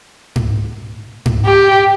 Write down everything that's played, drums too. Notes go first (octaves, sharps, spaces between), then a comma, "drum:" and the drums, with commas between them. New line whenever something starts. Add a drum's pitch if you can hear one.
drum: tom G#2
drum: tom G#2
G4